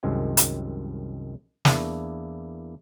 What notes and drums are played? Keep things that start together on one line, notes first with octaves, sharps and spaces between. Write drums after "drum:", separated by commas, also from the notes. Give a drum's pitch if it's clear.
C2 F#2 D#3 G#3 C4 G#5
drum: hi-hat
E2 A#3 D4 E4, drum: snare